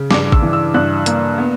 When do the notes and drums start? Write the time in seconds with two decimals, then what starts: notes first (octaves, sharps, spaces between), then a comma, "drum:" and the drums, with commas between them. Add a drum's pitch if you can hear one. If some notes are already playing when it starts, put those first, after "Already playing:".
Already playing: C#3
0.11 G2 D6, drum: snare
0.32 E6, drum: kick A1
0.42 E3
0.53 E6
0.74 G2 F#6
1.06 A#3, drum: hi-hat
1.38 B3